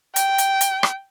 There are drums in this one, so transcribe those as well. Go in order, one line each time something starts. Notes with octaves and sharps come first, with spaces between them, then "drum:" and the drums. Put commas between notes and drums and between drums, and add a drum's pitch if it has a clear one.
G5, drum: hi-hat
drum: hi-hat
drum: hi-hat
drum: rim click